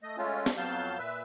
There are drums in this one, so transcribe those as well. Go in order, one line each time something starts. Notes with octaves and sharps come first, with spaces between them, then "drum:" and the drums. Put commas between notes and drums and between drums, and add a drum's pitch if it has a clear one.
A3 D#5
G#3 A3 C#4 F4
drum: snare
F2 F#3 B3 F5 A5 G6
A#2 B4 E5